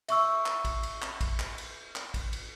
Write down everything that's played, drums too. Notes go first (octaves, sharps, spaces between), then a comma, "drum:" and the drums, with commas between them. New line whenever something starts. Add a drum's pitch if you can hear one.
E5 C#6 E6, drum: cymbal
drum: clap
drum: kick A1, cymbal
drum: cymbal
drum: clap
drum: kick A1, cymbal
drum: clap
drum: cymbal
drum: clap
drum: kick A1, cymbal
drum: cymbal